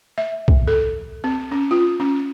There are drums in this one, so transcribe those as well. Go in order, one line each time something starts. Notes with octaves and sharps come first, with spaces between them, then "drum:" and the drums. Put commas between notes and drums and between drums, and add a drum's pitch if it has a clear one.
E5
drum: kick
A4
C4
C#4
F4
C#4